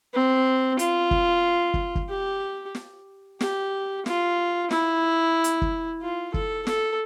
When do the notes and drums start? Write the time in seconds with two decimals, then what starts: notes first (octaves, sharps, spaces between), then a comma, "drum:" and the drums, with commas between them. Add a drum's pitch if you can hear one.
0.14 C4
0.79 F4, drum: hi-hat
1.11 drum: kick
1.74 drum: kick
1.95 drum: kick
2.09 G4
2.75 drum: snare
3.41 G4, drum: snare
4.06 F4, drum: snare
4.71 E4, drum: snare
5.44 drum: hi-hat
5.62 drum: kick
6.02 F4
6.34 A4, drum: kick
6.67 A4, drum: snare